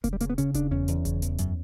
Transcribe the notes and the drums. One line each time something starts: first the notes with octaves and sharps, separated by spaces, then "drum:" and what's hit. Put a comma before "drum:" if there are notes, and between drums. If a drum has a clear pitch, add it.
C#3 A#3, drum: kick E1, hi-hat
G3
C#3 A#3, drum: hi-hat
B3
C#3 C#4, drum: hi-hat
C#3 D4, drum: kick E1, hi-hat
E2 C#4
E2, drum: hi-hat
C#3, drum: kick E1, hi-hat
E2, drum: hi-hat
F#2, drum: hi-hat